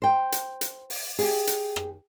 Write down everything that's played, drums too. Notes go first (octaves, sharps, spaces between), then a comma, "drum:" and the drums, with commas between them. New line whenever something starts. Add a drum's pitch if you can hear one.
C5 G5
drum: hi-hat
drum: hi-hat
drum: open hi-hat
G4 G#4, drum: open hi-hat
drum: hi-hat
drum: rim click